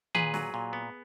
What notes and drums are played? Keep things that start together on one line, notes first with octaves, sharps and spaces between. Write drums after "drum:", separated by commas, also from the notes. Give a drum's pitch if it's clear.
A#2 G#4 B4, drum: tom D#3
F#3, drum: snare
A#2
B3